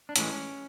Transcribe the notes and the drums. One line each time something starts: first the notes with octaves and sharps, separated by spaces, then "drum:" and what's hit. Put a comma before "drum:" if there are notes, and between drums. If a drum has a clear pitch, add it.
D4
A2 E3 G#3 C#4, drum: hi-hat